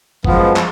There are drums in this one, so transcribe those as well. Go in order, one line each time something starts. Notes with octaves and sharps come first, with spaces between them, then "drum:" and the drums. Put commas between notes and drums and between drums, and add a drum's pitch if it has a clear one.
F#2 F3 G#3 B3, drum: kick G1
drum: clap